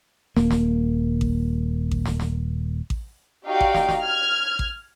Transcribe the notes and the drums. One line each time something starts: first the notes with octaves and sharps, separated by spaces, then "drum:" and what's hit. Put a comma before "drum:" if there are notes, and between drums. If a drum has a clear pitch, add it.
D#1 A#3, drum: snare
drum: snare
drum: kick A1
drum: kick A1
drum: snare
drum: snare
drum: kick A1
D#4 F#4 G4 D5 F5 G5
drum: kick A1
drum: snare
drum: snare
F6 G#6
drum: kick A1